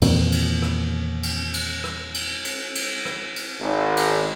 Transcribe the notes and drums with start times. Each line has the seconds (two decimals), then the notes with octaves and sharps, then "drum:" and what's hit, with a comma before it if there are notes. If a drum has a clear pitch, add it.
0.02 E2 A#2 D#3 C4, drum: cymbal
0.32 drum: cymbal
0.62 drum: rim click
1.23 drum: cymbal
1.54 drum: cymbal
1.84 drum: rim click
2.14 drum: cymbal
2.45 drum: cymbal
2.75 drum: cymbal
3.05 drum: rim click
3.36 drum: cymbal
3.61 G#1
3.97 drum: cymbal